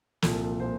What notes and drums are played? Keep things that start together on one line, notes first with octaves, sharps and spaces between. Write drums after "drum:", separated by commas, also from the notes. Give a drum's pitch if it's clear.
C2 A#2 F3 A4, drum: snare
A#2 F3 C5